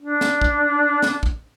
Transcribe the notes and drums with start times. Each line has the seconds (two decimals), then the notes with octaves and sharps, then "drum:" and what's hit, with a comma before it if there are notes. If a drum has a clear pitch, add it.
0.01 D4
0.21 drum: snare
0.41 drum: kick
1.03 drum: snare
1.23 drum: kick